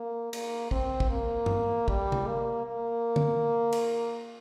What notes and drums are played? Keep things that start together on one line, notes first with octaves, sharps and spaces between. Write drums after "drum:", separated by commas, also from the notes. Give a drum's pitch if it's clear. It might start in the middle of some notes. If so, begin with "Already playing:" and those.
Already playing: A#3
A#3, drum: cymbal
C4, drum: kick
drum: kick
A#3
drum: tom G2
G3, drum: kick
drum: tom
A#3
A#3
drum: tom D3
drum: cymbal